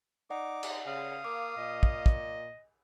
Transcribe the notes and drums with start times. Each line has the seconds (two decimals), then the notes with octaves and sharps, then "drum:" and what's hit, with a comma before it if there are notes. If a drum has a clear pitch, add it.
0.30 D#4 D5 F#5 D6
0.63 drum: cymbal
0.87 C#3 F5 D#6
1.24 A#3 D6
1.57 A#2 D#5
1.83 drum: kick
2.06 drum: kick